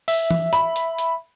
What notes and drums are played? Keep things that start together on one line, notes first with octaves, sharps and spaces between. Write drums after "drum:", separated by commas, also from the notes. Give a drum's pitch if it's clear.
E5, drum: open hi-hat
drum: tom
B5, drum: hi-hat
drum: hi-hat
drum: hi-hat